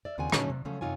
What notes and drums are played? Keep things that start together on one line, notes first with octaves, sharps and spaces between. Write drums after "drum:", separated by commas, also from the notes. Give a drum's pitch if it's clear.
D5 E5
D#2 C#3 C4 F4 F#5 G#5
A#2 D3 F#3 A3 C#4 D#4, drum: rim click
C3
C#3 F3 F#3 A3 C#4
F#2 C3 D#4 F4 C#5 G#5